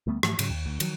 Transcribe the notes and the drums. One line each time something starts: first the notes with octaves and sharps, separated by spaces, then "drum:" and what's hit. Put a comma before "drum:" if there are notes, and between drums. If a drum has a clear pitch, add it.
D2 G3 A3 B3
G#2 E3 F3 A3, drum: rim click
G#2 C#3 F#3, drum: cymbal
D#2
D2
D#3 F3 F#3, drum: cymbal